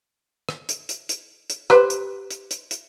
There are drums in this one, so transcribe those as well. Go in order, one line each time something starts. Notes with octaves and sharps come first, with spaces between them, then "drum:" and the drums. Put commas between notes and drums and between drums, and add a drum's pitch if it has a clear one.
drum: rim click
drum: hi-hat
drum: hi-hat
drum: hi-hat
drum: hi-hat
G4 B4 C5, drum: rim click
drum: hi-hat
drum: hi-hat
drum: hi-hat
drum: hi-hat